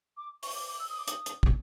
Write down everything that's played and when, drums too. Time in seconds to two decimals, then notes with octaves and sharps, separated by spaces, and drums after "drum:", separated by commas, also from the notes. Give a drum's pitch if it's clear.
0.17 D6
0.43 C#6, drum: open hi-hat
0.55 D6
0.68 D6
0.79 E6
0.89 D#6
0.99 D6
1.08 D#6, drum: hi-hat
1.26 drum: hi-hat
1.43 drum: kick